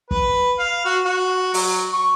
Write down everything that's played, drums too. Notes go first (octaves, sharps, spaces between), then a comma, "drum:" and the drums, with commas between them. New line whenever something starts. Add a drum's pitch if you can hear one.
B4, drum: kick
F5
F#4
F#4
F#3, drum: open hi-hat
C#6